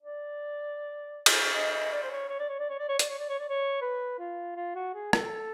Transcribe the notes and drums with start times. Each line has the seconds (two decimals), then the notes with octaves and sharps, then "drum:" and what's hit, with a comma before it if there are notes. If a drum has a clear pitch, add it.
0.03 D5
1.26 drum: cymbal
1.53 D#5
1.72 D#5
1.92 D5
2.03 C5
2.11 C#5
2.29 C#5
2.39 D5
2.49 C#5
2.59 D5
2.70 C#5
2.79 D5
2.89 C#5
2.99 D5, drum: hi-hat
3.10 C#5
3.19 D5
3.29 C#5
3.39 D5
3.49 C#5
3.81 B4
4.19 F4
4.56 F4
4.75 F#4
4.94 G#4
5.13 A4, drum: rim click